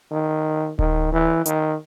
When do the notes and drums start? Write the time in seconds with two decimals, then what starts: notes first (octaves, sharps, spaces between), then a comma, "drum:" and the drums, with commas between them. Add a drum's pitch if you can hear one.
0.11 D#3
0.79 D#3, drum: kick D1
1.12 E3
1.46 D#3, drum: hi-hat